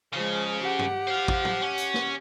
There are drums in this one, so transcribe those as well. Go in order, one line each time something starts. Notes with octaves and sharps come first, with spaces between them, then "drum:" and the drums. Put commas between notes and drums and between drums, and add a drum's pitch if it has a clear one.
C#3 F3 G#3
G4 F#5
drum: tom
C5 F5
drum: kick
drum: tom
C#4
drum: hi-hat
drum: snare